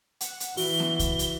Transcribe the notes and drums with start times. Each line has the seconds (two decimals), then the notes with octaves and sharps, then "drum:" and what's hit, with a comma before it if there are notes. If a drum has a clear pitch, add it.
0.21 F#5, drum: hi-hat
0.40 drum: hi-hat
0.57 E3 F#4 G7, drum: open hi-hat
0.80 drum: snare
0.99 drum: kick C2, hi-hat
1.19 drum: hi-hat